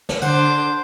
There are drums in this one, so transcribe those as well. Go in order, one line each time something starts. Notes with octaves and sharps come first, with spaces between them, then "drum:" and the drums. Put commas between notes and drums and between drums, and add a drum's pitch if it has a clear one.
drum: snare
D3 D4 C5 F#5 D6